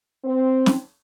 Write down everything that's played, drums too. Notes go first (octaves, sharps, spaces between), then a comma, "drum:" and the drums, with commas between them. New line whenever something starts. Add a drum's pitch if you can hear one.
C4
drum: snare